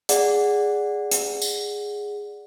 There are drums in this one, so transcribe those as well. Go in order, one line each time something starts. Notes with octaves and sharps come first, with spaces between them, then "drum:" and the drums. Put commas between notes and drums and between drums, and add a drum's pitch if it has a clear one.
G#4 D5 F#5, drum: hi-hat
drum: hi-hat
drum: tambourine